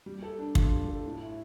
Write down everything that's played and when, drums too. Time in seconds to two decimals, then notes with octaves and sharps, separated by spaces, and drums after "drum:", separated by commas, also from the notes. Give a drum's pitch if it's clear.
0.06 G3
0.23 A4
0.38 D4
0.55 F4, drum: kick
0.72 G3
0.89 A4
1.05 A2
1.22 E4